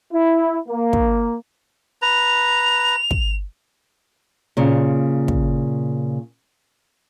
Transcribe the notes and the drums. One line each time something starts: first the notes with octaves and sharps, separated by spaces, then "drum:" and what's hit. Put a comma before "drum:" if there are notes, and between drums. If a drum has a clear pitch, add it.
E4
A#3
drum: kick
B4 A#5 F7
drum: kick
A#2 C#3
drum: kick